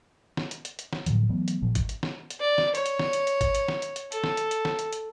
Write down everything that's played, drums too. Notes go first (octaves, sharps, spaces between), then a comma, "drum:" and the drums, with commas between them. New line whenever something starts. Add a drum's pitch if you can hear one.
drum: snare
drum: hi-hat
drum: hi-hat
drum: hi-hat
drum: snare
A2 D3 F3 F#3, drum: hi-hat
E3 F#3 A3 B3
drum: hi-hat
A1 A#2 F3
drum: kick, hi-hat
drum: hi-hat
drum: snare
drum: hi-hat
D5
drum: snare
C#5, drum: hi-hat
drum: hi-hat
drum: snare
drum: hi-hat
drum: hi-hat
drum: kick, hi-hat
drum: hi-hat
drum: snare
drum: hi-hat
drum: hi-hat
A4, drum: hi-hat
drum: snare
drum: hi-hat
drum: hi-hat
drum: snare
drum: hi-hat
drum: hi-hat